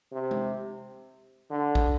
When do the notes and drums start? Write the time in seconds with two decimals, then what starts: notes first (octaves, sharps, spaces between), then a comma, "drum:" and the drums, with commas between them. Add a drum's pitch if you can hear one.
0.12 C3
0.31 drum: tom G#3
1.51 D3
1.75 drum: kick